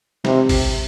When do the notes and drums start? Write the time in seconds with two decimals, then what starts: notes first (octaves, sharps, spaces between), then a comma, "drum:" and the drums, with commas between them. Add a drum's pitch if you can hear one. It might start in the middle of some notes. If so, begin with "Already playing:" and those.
0.25 C3, drum: snare
0.49 drum: kick G#1, open hi-hat